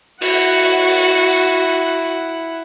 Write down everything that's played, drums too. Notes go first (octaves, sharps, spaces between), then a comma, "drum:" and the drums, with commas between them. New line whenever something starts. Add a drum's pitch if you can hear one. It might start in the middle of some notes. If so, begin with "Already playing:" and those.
E4 F#4 F#5, drum: cymbal
drum: open hi-hat
drum: open hi-hat
drum: tambourine